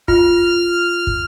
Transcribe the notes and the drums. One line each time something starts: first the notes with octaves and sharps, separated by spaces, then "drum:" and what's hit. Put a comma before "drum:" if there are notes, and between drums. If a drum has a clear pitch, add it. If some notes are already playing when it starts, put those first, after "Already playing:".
F4 F6, drum: kick
drum: kick